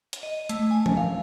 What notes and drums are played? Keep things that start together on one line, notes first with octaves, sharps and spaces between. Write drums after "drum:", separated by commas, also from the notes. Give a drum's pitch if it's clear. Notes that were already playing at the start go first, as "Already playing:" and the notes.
drum: hi-hat
D#5
A3, drum: hi-hat
G#5
drum: tom F3
F5